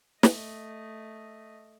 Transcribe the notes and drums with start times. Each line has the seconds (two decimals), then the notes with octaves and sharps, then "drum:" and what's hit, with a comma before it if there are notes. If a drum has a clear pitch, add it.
0.23 A3 D#5, drum: snare